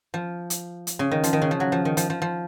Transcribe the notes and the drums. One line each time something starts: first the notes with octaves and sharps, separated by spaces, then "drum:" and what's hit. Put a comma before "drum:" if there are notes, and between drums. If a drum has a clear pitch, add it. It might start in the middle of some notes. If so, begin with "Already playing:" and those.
F3
drum: hi-hat
drum: hi-hat
C#3
D#3
F3, drum: hi-hat
D#3
C#3
F3
F#3
F3
D#3
F3, drum: hi-hat
F3
F3